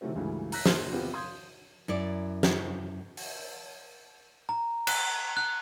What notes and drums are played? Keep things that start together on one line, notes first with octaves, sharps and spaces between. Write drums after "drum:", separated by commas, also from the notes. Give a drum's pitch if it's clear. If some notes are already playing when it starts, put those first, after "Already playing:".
C3 D#3 E3 F#3 A3 C4
C#2 G2 C#3 E3 F#3 A3
A#5 E6 F#6 A#6 B6, drum: open hi-hat
A#3 C5, drum: snare
B3 C4 F4 G4 G#4
F5 C6 D#6 G6 G#6
F#2 E4 D5
drum: snare
drum: open hi-hat
A#5
F#6, drum: cymbal
F#6